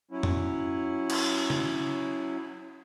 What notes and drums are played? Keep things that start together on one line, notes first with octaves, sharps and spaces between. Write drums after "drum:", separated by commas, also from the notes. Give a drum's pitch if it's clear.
F#3 C#4 E4
drum: tom F2
drum: cymbal
drum: tom C#3